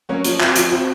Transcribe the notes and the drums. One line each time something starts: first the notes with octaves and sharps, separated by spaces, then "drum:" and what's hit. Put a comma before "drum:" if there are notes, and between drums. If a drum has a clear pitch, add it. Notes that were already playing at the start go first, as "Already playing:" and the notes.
F#3 A#3 C#4 F#4
F3, drum: hi-hat
C4 F#4, drum: clap
F3, drum: hi-hat
C4 F#4